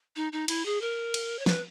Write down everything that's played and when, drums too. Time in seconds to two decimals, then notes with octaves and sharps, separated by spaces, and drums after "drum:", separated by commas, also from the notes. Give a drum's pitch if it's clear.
0.16 D#4
0.33 D#4
0.48 E4, drum: cymbal
0.66 G#4
0.81 A#4
1.14 drum: cymbal
1.39 C#5
1.46 B4, drum: snare